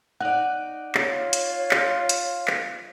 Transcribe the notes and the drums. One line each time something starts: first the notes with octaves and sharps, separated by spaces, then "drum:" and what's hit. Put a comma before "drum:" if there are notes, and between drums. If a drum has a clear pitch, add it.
D#4 D5 F#5 F#6
F4 C#5, drum: clap
drum: hi-hat
drum: clap
drum: hi-hat
drum: clap